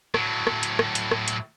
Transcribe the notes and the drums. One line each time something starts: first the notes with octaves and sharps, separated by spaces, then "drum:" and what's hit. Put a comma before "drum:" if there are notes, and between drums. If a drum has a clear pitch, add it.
A2 F#3, drum: rim click
drum: rim click
drum: hi-hat
drum: rim click
drum: hi-hat
drum: rim click
drum: hi-hat